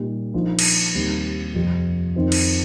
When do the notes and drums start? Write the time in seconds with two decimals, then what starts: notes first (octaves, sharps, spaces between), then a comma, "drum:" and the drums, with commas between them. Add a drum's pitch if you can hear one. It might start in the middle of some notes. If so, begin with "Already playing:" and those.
Already playing: A#2 G3 D#4
0.34 A#1 A#2 F3 D#4
0.59 drum: cymbal
0.94 D#2 D#3 G3 C4
1.54 F2 C3 F3
2.15 F2 D#3 C4 D#4
2.32 drum: cymbal